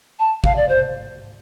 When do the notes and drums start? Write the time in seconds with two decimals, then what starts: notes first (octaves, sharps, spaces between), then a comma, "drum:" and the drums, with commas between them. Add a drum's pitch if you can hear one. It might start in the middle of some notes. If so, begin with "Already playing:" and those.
0.19 A5
0.44 F5, drum: kick
0.56 D5
0.69 C5